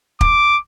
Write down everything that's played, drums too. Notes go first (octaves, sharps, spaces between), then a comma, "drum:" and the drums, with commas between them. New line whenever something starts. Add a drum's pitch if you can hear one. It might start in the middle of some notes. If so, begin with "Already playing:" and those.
D6, drum: kick